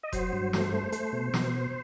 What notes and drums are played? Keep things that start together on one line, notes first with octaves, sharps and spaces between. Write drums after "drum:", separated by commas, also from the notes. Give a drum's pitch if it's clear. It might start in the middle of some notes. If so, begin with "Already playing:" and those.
D#5
F#3 C5, drum: kick F1, hi-hat
G2
A3 C5, drum: snare
A3
A3, drum: hi-hat
B2
B2, drum: snare